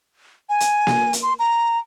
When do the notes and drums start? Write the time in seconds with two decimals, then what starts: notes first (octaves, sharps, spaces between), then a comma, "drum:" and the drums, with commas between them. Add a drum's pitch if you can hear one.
0.49 G#5
0.60 drum: hi-hat
0.87 drum: snare A#3
1.13 drum: hi-hat
1.22 C6
1.39 A#5